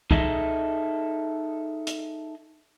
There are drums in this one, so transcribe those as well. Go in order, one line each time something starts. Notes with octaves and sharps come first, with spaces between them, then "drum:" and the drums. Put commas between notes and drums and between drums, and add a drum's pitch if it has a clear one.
D#4 G#4 A4 D#5 E5, drum: kick C2
drum: hi-hat